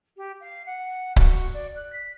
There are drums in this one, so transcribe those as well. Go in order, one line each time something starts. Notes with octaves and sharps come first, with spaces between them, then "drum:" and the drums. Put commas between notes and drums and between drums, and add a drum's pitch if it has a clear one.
G4
F5
F#5
F#4, drum: kick C#1
D5
F#6
B6